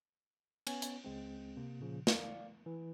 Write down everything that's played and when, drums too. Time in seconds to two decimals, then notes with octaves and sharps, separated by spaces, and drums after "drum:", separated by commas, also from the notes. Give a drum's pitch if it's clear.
0.67 B3 C#4 C#5 G#5, drum: cymbal
0.82 drum: hi-hat
1.04 C#2 G#3 C4
1.57 C3 A#3
1.80 A#2 C#3 F3
2.07 D5 F5, drum: snare
2.66 E3